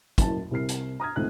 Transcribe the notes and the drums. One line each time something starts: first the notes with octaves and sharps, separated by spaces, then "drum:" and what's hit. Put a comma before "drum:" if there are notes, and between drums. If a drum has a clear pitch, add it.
F#1 F#2 A2 A5, drum: kick, hi-hat
C2 C3 A#4 F6 C7
drum: hi-hat
A#5 D#6 F6 G#6
C#2 D#3 A3 C4 F#6